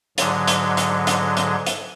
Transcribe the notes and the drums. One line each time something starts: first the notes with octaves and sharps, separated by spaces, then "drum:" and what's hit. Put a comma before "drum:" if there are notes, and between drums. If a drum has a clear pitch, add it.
G#2 D3 F#3, drum: hi-hat
drum: hi-hat
drum: hi-hat
drum: hi-hat
drum: hi-hat
drum: hi-hat